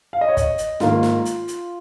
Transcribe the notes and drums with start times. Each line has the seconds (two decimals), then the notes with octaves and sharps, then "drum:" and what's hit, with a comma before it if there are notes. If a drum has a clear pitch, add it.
0.13 F5
0.21 D#5
0.29 C#5
0.37 D#5, drum: kick, hi-hat
0.58 drum: hi-hat
0.80 G#2 D#3 A#3 F4, drum: snare
1.03 drum: snare
1.25 drum: hi-hat
1.48 drum: hi-hat